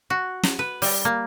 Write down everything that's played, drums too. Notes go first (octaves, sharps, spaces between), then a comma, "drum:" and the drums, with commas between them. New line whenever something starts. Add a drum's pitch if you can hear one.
F#4
drum: snare
B4
G3, drum: open hi-hat
A#3